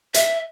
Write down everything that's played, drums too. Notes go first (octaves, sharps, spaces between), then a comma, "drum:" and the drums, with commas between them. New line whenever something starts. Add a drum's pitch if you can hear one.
E5, drum: hi-hat